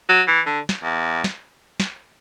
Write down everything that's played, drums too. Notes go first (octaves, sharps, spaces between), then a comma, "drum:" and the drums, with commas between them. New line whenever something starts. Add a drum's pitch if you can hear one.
F#3
E3
D3
drum: snare
E2
drum: snare
drum: snare